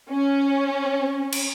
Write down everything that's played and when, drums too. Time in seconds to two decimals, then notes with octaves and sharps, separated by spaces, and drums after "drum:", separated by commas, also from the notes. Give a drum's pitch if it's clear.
0.11 C#4
1.33 drum: cymbal